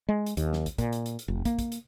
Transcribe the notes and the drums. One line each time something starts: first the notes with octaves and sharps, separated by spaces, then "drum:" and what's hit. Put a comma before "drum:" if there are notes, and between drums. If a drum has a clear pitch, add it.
G#3
drum: hi-hat
D#2, drum: hi-hat
drum: snare
drum: kick, hi-hat
A#2, drum: kick, hi-hat
drum: hi-hat
drum: hi-hat
drum: hi-hat
F1
A#3, drum: kick, hi-hat
drum: kick, hi-hat
drum: hi-hat